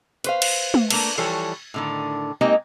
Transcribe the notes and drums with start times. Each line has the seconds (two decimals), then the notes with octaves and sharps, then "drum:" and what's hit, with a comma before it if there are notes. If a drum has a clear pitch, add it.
0.24 B4 C5 F5, drum: hi-hat
0.42 drum: cymbal
0.74 drum: tom
0.90 A3 A#3 D4, drum: cymbal
1.18 E3 F3 G3 A4 C#5
1.74 A2 D3 D#3
2.41 G#3 A#3 C4 D#4 G4 D#5